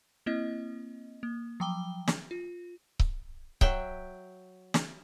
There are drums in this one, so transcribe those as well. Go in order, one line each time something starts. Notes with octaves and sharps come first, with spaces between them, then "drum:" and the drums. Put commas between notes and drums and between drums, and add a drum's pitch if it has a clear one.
A#3 C4 E4 D#5
A#3
F3 F#3 G5 D6 G7
drum: snare
F4
drum: kick C#1
F#3 E5 G5, drum: kick C#1
drum: snare